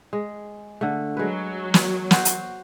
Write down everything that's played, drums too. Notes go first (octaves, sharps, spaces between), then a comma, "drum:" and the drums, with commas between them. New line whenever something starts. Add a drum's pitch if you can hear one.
G#3
D3 A3
F#3 G#3 B4
drum: snare
F#4 C5, drum: snare
drum: hi-hat